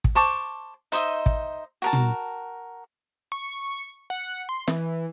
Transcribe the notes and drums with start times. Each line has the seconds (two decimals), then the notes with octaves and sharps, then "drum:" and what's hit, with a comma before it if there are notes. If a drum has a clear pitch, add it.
0.04 drum: kick
0.15 C5 A5 C#6 D6
0.92 D#4 C5 D#5 E5, drum: hi-hat
1.26 drum: kick
1.82 F#4 A#4 A5
1.93 drum: tom
3.32 C#6
4.10 F#5
4.49 C6
4.68 E3, drum: snare